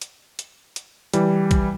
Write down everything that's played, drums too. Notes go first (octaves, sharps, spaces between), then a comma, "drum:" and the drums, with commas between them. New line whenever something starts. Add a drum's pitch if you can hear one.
drum: hi-hat
drum: hi-hat
drum: hi-hat
E3 G3, drum: hi-hat
drum: kick A#1, hi-hat